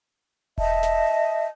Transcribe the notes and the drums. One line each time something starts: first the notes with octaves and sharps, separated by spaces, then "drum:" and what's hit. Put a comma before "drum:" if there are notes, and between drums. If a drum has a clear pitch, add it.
D#5 E5 A5, drum: kick E1
drum: snare